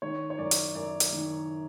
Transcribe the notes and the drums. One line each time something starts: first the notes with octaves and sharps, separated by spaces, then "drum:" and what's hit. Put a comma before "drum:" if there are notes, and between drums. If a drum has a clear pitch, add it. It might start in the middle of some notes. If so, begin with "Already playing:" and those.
D#3 C#5
C#5
F#2 D5
drum: hi-hat
F#2 D5
drum: hi-hat
D#3